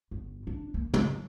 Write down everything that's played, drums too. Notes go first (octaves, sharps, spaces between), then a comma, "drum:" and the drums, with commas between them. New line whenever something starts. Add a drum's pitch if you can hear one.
G1
D4
A#3
F#3, drum: tom